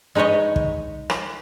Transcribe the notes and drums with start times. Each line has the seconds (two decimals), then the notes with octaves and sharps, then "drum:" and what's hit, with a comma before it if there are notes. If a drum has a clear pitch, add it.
0.15 G#3 D#4 B4 C#5 D#5
0.56 drum: kick
1.10 drum: rim click